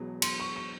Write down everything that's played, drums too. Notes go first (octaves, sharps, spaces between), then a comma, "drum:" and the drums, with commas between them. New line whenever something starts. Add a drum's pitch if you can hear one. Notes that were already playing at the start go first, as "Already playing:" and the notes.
Already playing: E1 E2 B2 F#3
C6, drum: cymbal
C#6
C#6